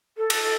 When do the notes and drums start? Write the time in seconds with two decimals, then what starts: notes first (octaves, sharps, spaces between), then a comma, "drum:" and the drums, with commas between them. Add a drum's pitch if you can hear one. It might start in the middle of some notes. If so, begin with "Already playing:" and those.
0.17 A4
0.30 drum: cymbal